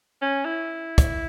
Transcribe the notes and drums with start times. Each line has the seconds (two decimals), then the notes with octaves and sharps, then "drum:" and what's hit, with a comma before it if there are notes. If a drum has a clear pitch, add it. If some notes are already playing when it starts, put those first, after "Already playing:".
0.22 C#4
0.45 E4
0.98 drum: kick, hi-hat